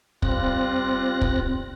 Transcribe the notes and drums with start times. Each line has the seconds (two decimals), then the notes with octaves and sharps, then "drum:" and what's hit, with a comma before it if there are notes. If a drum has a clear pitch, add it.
0.22 G3 C4 F4 F#6 A#6, drum: kick
1.21 drum: kick